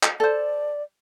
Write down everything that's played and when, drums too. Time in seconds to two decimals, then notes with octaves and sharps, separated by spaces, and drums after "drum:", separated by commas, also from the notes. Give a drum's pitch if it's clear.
0.03 drum: clap
0.20 A4 C5 D5